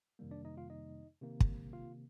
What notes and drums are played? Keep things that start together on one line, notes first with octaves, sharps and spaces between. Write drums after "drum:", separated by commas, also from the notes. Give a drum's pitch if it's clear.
F2 C3 D#3 G3 A#3
D4 D5
D#4 D#5
F4 F5
D#4 D#5
C3 D#3 A#3
drum: kick
F4 F5